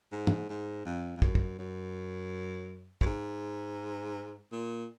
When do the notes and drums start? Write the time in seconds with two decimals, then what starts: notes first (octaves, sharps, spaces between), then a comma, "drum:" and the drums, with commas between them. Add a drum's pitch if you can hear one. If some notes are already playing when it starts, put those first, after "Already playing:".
0.12 G#2
0.27 drum: tom
0.49 G#2
0.85 F2
1.17 F2
1.22 F#2, drum: kick
1.35 drum: kick
1.59 F#2
3.01 F#2, drum: kick
3.06 G#2
4.52 A#2